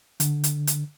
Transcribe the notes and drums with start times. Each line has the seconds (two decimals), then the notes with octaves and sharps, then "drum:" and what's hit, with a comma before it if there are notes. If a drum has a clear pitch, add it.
0.20 D3, drum: hi-hat
0.44 drum: hi-hat
0.67 drum: hi-hat